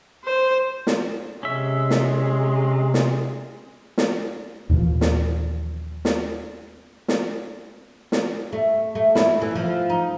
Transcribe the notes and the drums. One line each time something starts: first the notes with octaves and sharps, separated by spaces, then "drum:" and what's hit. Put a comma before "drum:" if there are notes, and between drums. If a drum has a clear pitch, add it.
C5
drum: snare
C3 G#3 C#4 E5
drum: snare
drum: snare
drum: snare
D#2 A#2 E3 F3
drum: snare
drum: snare
drum: snare
drum: snare
A3
A3
E4, drum: snare
E3
F3
D#4